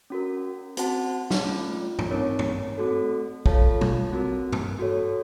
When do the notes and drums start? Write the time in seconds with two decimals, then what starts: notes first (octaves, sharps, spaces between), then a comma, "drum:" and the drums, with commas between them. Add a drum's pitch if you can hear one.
0.10 C#4 F#4 A#4
0.77 C4 F#4 C5 F#5 A5, drum: hi-hat
1.31 drum: snare
1.44 A3 C#4 F4
1.99 drum: tom G2
2.11 C4 D#4 A#4 C#5
2.39 drum: tom G2
2.78 A3 C4 F#4 A4
3.46 F4 A4 C#5 F5 A5, drum: kick
3.81 drum: tom
4.13 C4 F#4 A#4
4.53 drum: tom G2
4.79 F#4 A4 C#5